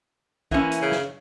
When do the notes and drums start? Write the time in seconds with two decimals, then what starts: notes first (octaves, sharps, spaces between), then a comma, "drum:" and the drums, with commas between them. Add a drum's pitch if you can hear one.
0.51 E3 A#3 C#4 E4, drum: kick
0.72 drum: hi-hat
0.82 C#3
0.92 drum: snare